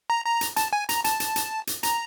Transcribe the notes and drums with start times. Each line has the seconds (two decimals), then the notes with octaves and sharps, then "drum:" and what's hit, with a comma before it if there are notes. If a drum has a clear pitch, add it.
0.10 A#5
0.25 A#5
0.41 drum: hi-hat
0.56 A5, drum: hi-hat
0.73 G#5
0.89 A#5, drum: hi-hat
1.04 A5, drum: hi-hat
1.20 drum: hi-hat
1.36 drum: hi-hat
1.67 drum: hi-hat
1.83 A#5, drum: hi-hat